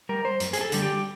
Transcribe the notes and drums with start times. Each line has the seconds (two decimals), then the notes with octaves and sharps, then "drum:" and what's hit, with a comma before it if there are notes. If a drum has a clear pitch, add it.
0.09 G3 A#4
0.25 C5
0.40 F#2, drum: hi-hat
0.53 G#4, drum: hi-hat
0.61 A4
0.72 D3 G3, drum: hi-hat
0.82 G4